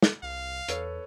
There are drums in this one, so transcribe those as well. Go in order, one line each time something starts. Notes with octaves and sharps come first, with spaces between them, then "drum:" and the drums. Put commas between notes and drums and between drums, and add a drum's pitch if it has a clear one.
drum: snare
C2 F5
E2 A4 B4 C#5, drum: hi-hat